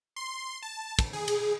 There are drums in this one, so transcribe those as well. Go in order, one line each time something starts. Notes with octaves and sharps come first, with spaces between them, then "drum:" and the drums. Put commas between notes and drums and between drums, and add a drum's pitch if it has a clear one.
C6
A5
drum: kick, cymbal
G#4
drum: cymbal